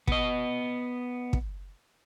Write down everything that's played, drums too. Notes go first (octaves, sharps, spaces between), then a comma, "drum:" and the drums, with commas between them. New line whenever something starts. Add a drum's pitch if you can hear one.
B3 D#5, drum: kick
drum: kick